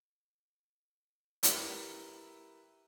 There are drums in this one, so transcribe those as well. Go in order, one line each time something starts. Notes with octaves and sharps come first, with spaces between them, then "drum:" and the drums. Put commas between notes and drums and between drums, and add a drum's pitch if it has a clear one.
E4 G4 A#4 B4, drum: hi-hat